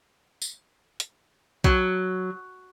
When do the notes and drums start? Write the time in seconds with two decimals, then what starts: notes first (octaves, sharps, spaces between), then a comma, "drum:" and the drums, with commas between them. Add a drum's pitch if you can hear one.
0.42 drum: tambourine
1.00 drum: hi-hat
1.64 F#3, drum: kick B1